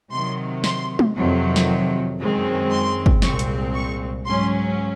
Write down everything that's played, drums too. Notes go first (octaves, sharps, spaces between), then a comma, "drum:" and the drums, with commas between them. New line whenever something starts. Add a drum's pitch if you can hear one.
C3 D#3 F#3 C6
C6, drum: snare
drum: tom G#3
F2 C3 D#3 F#3
drum: snare
F#2 D#3 G#3 C4
C6
drum: kick
C2 A#2 G#3 C4 C#6, drum: snare
drum: hi-hat
C#6
G#2 F#3 C#4 C6